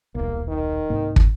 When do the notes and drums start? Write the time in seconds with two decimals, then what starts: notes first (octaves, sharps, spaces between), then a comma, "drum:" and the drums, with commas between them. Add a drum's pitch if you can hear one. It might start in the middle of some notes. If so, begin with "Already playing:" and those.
0.15 D#1 B1 A#3
0.48 D#3
0.90 C2 G#2 A#3
1.16 drum: kick